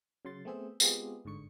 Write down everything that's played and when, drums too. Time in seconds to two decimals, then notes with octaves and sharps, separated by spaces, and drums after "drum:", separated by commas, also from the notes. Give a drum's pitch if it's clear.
0.25 C#3 F#3 C6 A6
0.45 A3 B3 C4 G#4 C5 E5
0.80 G#3 B3 C4 F4 G4 G#4, drum: tambourine
1.25 G1 G#2 D3 C#6 C#7